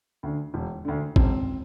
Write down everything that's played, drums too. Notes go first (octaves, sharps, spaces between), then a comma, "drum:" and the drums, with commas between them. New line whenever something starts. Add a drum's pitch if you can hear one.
D2 D3
E1
D2 D3
E1 C4, drum: kick A1